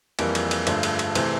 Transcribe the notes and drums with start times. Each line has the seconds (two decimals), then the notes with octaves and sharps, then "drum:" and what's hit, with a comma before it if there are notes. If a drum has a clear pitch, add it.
0.19 F2 E3 G3 A#3, drum: cymbal
0.35 drum: cymbal
0.51 drum: cymbal
0.67 G2 D3 F3 A3 C5, drum: cymbal
0.83 drum: cymbal
0.99 drum: cymbal
1.15 C3 E3 A3 C4, drum: cymbal